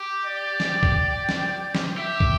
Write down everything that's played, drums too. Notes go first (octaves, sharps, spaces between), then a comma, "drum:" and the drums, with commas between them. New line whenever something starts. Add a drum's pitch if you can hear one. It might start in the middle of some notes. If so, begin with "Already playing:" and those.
Already playing: G4
D5
drum: snare
drum: kick
drum: snare
drum: snare
G4 E5
drum: kick